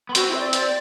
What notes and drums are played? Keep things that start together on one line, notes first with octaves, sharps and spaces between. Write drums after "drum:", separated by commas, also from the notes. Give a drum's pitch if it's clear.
B3
C4 F#4, drum: hi-hat
E4
E5
D5
D5, drum: hi-hat